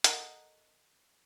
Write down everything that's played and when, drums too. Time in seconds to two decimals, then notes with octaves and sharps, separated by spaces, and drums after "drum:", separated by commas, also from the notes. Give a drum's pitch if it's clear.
0.04 A4 A#4 D#5 F#5, drum: hi-hat